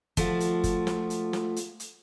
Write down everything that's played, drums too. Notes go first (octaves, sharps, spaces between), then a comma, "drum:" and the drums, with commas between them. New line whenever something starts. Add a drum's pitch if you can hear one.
F3 A3 F4 F#4, drum: kick F#1, hi-hat
drum: hi-hat
drum: kick F#1, hi-hat
drum: snare
drum: hi-hat
drum: snare
drum: hi-hat
drum: hi-hat